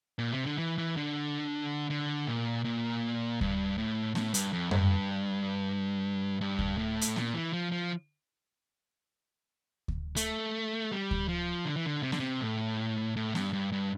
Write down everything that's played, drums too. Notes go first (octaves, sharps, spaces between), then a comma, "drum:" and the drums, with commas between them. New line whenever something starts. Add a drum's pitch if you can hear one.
A#2
C3
D3
E3
E3
D3
D3
A#2
A#2
G2, drum: kick D2
A2
A2, drum: snare B3
G2, drum: hi-hat
F2
G2, drum: tom F#2
G2
drum: kick D2
A2
drum: hi-hat
A#2, drum: snare B3
E3
F3
F3
drum: kick D2
A3, drum: hi-hat
G3
drum: kick D2
F3
D3
E3
D3
C3
D3, drum: snare B3
C3
A2
A2
G2, drum: snare B3
G2
G2